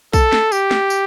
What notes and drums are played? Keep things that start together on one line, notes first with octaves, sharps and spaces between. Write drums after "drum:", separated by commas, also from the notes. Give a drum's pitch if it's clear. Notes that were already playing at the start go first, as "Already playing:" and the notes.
A4, drum: kick B1, tambourine
drum: snare
G4, drum: tambourine
drum: snare
drum: tambourine